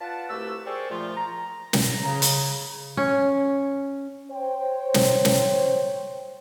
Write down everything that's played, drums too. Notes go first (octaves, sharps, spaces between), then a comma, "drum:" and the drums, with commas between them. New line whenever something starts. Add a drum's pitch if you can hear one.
F4 B4 D5 F#5 A5
C2 A3 F#4 G4 B4 E6
G#4 A#4 C5 D5 G5 C#6
A#2 F3 A3 F4
A#5
drum: snare
C#3
drum: hi-hat
C#4
C5 C#5 G5
drum: snare
drum: snare